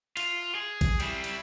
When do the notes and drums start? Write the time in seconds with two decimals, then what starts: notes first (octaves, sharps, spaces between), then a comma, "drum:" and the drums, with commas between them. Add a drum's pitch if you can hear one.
0.17 F4, drum: cymbal
0.55 G#4
0.81 drum: kick A1, cymbal
1.00 G3 E4, drum: cymbal
1.24 drum: cymbal